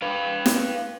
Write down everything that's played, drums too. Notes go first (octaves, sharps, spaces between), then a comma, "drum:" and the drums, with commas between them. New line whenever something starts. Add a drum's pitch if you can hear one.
B4 F5
drum: snare